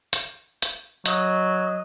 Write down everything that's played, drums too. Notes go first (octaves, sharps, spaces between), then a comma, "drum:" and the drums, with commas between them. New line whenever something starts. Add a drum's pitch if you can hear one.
drum: hi-hat
drum: hi-hat
F#3 D#5, drum: hi-hat